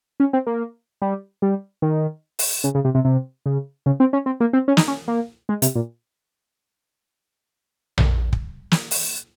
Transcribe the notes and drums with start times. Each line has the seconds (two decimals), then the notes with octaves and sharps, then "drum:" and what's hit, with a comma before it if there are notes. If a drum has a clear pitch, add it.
0.20 C#4
0.33 C4
0.47 A#3
1.02 G3
1.42 G3
1.82 D#3
2.39 drum: open hi-hat
2.64 C#3
2.75 C#3
2.85 C3
2.95 C3
3.05 C3
3.46 C#3
3.86 C#3
4.00 C4
4.13 C#4
4.26 C4
4.40 A#3
4.53 C4
4.68 C#4
4.77 D#4, drum: snare
4.88 C#4
5.08 A#3
5.49 G#3
5.62 C3, drum: hi-hat
5.75 A#2
7.98 drum: tom A#1
8.33 drum: kick
8.71 drum: snare
8.91 drum: open hi-hat